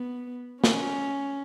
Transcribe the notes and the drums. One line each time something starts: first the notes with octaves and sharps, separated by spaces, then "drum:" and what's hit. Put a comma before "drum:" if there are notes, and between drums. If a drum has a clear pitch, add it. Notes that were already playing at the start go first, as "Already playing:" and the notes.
Already playing: B3
C#4, drum: snare